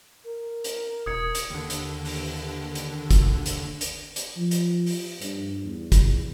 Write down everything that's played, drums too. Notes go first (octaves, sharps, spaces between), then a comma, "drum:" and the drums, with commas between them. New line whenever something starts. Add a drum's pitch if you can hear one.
A#4
drum: hi-hat
E1 D#6 G#6 C#7
drum: hi-hat
D#2 D3
drum: hi-hat
drum: open hi-hat
drum: hi-hat
drum: kick, hi-hat
drum: hi-hat
drum: hi-hat
drum: hi-hat
F3
drum: hi-hat
drum: open hi-hat
G2, drum: hi-hat
E2
drum: kick, hi-hat